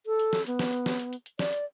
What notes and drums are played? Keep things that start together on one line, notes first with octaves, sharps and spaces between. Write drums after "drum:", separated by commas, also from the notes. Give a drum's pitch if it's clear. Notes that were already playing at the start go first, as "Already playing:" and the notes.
A4
drum: hi-hat
drum: snare
B3, drum: hi-hat
drum: snare
drum: hi-hat
drum: snare
drum: hi-hat
drum: hi-hat
drum: hi-hat
D5, drum: snare
drum: hi-hat